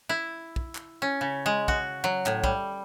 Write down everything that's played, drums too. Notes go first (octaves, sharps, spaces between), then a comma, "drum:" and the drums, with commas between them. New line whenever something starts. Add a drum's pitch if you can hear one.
E4
drum: kick
drum: clap
C#4
C#3
G#3
F#4, drum: kick
F#3
A2, drum: clap
G3, drum: kick